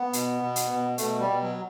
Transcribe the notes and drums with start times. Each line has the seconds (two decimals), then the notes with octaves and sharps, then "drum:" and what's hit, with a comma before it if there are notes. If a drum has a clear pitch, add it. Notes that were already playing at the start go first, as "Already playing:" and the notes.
Already playing: B3
0.13 B2, drum: hi-hat
0.41 B2
0.56 drum: hi-hat
0.71 B2
0.98 B2 A3, drum: hi-hat
1.20 G3
1.27 B2
1.42 F#3